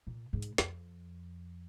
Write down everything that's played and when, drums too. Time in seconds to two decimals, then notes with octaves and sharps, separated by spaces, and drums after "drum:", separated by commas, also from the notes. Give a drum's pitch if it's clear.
0.07 A#2
0.33 G#2
0.42 drum: hi-hat
0.58 F2, drum: snare